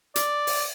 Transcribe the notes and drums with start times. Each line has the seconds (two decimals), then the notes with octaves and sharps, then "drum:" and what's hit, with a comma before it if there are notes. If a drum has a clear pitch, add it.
0.16 D5, drum: hi-hat
0.47 drum: open hi-hat